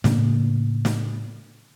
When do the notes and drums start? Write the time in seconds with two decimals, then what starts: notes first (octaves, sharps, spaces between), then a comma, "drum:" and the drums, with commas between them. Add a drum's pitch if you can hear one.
0.04 A2 C#3 A#3 D4, drum: snare
0.85 drum: snare